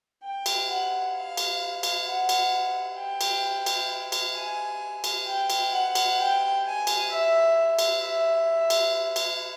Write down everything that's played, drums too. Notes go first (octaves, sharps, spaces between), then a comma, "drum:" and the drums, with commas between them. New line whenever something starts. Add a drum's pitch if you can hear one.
G5
drum: cymbal
F#5
F5
drum: cymbal
drum: cymbal
F#5
drum: cymbal
G5
drum: cymbal
drum: cymbal
drum: cymbal
G#5
drum: cymbal
G5
drum: cymbal
F#5
drum: cymbal
G5
G#5
drum: cymbal
E5
drum: cymbal
E5
drum: cymbal
drum: cymbal